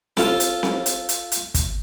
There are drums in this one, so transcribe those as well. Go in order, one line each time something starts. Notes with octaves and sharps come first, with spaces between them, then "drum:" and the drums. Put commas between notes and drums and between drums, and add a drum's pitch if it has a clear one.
F4 A4, drum: snare C4
drum: hi-hat
drum: snare C4
drum: hi-hat
drum: hi-hat
drum: hi-hat
drum: kick, hi-hat